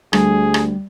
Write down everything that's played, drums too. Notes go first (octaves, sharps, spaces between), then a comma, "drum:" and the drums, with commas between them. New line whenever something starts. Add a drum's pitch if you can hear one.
D2 G3 G#4, drum: rim click
drum: rim click